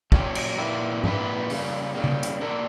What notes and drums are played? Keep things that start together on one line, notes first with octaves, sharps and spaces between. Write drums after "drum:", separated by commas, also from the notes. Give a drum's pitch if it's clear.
A#2 F#3 C#4 E4 G4, drum: kick
drum: cymbal
A#2 A#3 E4 G4 B4
A#2 A#3 E4 G4 B4, drum: tom G#2
C#3 G3 A#3, drum: open hi-hat
C#3 G3 A#3
drum: tom C#3
drum: hi-hat
D3 A#3 D4 A#4